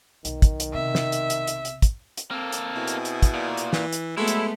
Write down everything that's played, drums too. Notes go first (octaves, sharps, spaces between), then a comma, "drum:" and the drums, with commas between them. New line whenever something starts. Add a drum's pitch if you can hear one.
B1 D#3, drum: hi-hat
drum: kick, hi-hat
drum: hi-hat
B1 C3 E5
drum: snare
drum: hi-hat
drum: hi-hat
drum: hi-hat
drum: hi-hat
drum: kick, hi-hat
drum: hi-hat
A#3 C4 A4
drum: hi-hat
B2 E4 G#4
drum: hi-hat
drum: hi-hat
drum: kick, hi-hat
A#2
drum: hi-hat
E3, drum: snare
drum: hi-hat
F#3 G#3 A3 B3 E4 A4 B5
drum: hi-hat